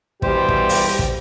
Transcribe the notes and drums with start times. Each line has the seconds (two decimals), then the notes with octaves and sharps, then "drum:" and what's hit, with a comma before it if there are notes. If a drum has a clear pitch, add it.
0.22 B2 E3 G3 G4 C5, drum: kick
0.48 drum: kick
0.69 drum: open hi-hat
0.99 drum: kick